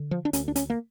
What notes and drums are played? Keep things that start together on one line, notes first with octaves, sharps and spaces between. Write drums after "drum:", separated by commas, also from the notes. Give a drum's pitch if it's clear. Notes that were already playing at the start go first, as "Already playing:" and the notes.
Already playing: D3
F3
D4
D2 C#4, drum: hi-hat
D4
C#4, drum: hi-hat
A#3